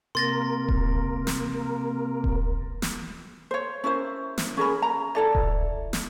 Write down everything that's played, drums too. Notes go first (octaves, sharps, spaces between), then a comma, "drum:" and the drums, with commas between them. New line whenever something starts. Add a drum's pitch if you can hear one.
C3 A#3 A#4 C6 A6 A#6
drum: kick D#1
drum: snare
drum: kick D#1
drum: snare
C5 C#5
C#4 E4 A#4 C5
drum: snare
C#4 G#4 A#4 B5
A#5
E4 A4 D5
drum: kick D#1
drum: snare